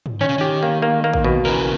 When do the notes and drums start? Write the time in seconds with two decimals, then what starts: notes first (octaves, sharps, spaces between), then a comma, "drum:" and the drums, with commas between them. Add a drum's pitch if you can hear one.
0.06 drum: tom
0.21 D#3 C#4
0.29 C#3
0.38 D#3 G4
0.63 A#3
0.82 A#3
1.04 A#3
1.14 drum: kick A1
1.24 B2
1.45 C#3 E3 A#4